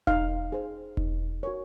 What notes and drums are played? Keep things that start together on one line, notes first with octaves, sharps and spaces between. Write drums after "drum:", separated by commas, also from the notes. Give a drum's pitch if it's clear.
D#4 F5, drum: kick E1
G#4 C5
D#4, drum: kick E1
F#4 A#4 C#5